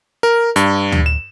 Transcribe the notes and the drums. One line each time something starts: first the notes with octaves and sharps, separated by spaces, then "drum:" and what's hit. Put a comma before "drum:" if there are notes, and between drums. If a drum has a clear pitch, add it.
A#4
G2, drum: hi-hat
drum: tom D2
E7